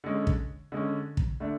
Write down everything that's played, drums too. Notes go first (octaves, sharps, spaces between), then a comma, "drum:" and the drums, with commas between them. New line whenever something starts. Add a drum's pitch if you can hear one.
D3 G#3 C#4
drum: kick
D3 G#3 C#4
drum: kick
D3 A3 D4